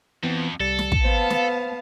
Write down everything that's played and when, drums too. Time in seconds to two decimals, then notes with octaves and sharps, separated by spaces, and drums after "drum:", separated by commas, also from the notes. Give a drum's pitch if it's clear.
0.23 F2 E3 B3 C4
0.60 C2 G3 A4 A6
0.79 drum: snare
0.92 drum: kick
1.05 B3 C5 F5 A5
1.30 drum: snare